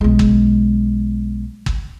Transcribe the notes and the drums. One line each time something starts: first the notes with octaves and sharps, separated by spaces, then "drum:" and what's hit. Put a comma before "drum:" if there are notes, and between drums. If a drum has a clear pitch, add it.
B1 G#3
drum: kick
drum: kick